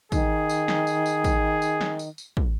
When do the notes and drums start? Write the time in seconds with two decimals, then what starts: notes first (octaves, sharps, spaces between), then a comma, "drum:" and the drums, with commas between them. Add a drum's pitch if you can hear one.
0.12 D#3 G#4, drum: kick, tambourine
0.49 drum: tambourine
0.68 drum: snare
0.87 drum: tambourine
1.06 drum: tambourine
1.24 drum: kick, tambourine
1.62 drum: tambourine
1.81 drum: snare
1.99 drum: tambourine
2.18 drum: tambourine
2.37 drum: kick